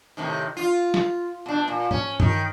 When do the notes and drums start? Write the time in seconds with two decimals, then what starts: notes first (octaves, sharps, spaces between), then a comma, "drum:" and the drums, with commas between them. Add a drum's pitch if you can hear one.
0.17 A2 C3 D#3
0.57 F4
0.94 drum: snare
1.46 B2 D4
1.68 A#2
1.91 C#4, drum: tom G#2
2.20 D#3, drum: tom G2